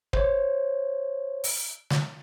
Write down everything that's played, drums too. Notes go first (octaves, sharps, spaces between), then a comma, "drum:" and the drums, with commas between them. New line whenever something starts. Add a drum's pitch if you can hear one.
C5 C#5, drum: kick
drum: open hi-hat
drum: snare